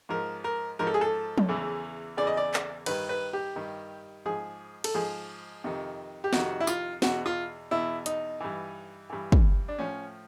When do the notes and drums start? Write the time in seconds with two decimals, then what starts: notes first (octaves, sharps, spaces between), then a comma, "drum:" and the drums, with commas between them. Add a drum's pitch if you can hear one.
0.09 G#2 F3 A#4
0.44 A#4
0.79 G#2 F3 A#4
0.87 A4
0.94 G#4
1.01 A4
1.38 drum: tom F3
1.48 E2 C#3 E3
2.17 E2 C#3 E3 D5
2.27 D#5
2.37 D5
2.54 drum: clap
2.86 G2 D#3 B4, drum: cymbal
3.09 B4
3.33 G4
3.56 G2 D#3
4.26 G#2 F3 G#4
4.84 A4, drum: cymbal
4.94 G#2 F3 G#4
5.64 F2 C3 D#3
6.24 G4
6.33 F2 C3 D#3 F#4, drum: snare
6.60 E4
6.67 F4, drum: tambourine
7.02 E2 B2 F#4, drum: snare
7.26 F4
7.71 E2 B2 E4
8.06 D#4, drum: hi-hat
8.40 G2 E3
9.10 G2 E3
9.32 drum: kick
9.68 D4
9.79 A2 F3 C#4